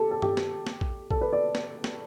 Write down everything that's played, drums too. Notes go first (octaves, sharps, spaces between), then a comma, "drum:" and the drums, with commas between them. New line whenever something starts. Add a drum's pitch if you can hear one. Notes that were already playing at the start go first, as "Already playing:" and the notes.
Already playing: G4 A4
A4
G4, drum: tom G2
drum: snare
drum: snare
drum: kick
A4, drum: kick
B4
D5
drum: snare
drum: snare